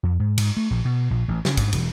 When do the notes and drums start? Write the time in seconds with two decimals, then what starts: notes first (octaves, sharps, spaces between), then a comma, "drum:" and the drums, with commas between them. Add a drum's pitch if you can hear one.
0.03 F2
0.20 G#2
0.38 G#2, drum: cymbal
0.57 A3
0.70 A#1
0.85 B2
1.10 A#1
1.28 A1
1.45 C#3, drum: snare
1.57 G#2, drum: kick, cymbal
1.73 E1, drum: cymbal